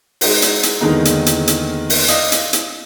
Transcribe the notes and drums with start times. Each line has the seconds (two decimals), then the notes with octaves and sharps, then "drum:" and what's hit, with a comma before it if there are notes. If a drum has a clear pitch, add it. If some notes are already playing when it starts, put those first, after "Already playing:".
0.21 G#3 D#4 F#4 C5, drum: open hi-hat
0.42 drum: hi-hat
0.63 drum: hi-hat
0.81 E2 D3 D#3 G#3 A#3 D#4
1.05 drum: hi-hat
1.26 drum: hi-hat
1.47 drum: hi-hat
1.90 drum: open hi-hat
2.08 D5 D#5 F5, drum: hi-hat
2.32 drum: hi-hat
2.53 drum: hi-hat